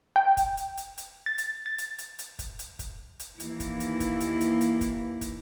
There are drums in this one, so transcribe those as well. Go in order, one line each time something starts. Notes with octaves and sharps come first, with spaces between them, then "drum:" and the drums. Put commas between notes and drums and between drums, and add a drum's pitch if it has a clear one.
G5
drum: kick, hi-hat
drum: hi-hat
drum: hi-hat
drum: hi-hat
A6
drum: hi-hat
A6
drum: hi-hat
drum: hi-hat
drum: hi-hat
drum: kick, hi-hat
drum: hi-hat
drum: kick, hi-hat
drum: hi-hat
D#2 E3 A#3 E4, drum: hi-hat
drum: kick, hi-hat
drum: hi-hat
drum: kick, hi-hat
drum: hi-hat
drum: hi-hat
drum: hi-hat
drum: kick, hi-hat
drum: kick, hi-hat